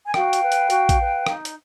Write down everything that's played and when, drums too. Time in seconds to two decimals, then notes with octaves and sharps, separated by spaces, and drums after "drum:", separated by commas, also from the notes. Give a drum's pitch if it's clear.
0.05 G#5
0.14 F#4 F5 G5, drum: rim click
0.33 drum: hi-hat
0.42 B4
0.52 drum: hi-hat
0.70 F#4, drum: hi-hat
0.89 drum: kick, hi-hat
0.99 B4
1.27 D#4, drum: rim click
1.45 drum: hi-hat